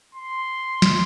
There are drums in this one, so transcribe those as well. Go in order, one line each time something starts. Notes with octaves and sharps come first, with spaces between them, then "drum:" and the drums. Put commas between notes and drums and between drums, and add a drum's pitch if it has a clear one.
C6
drum: snare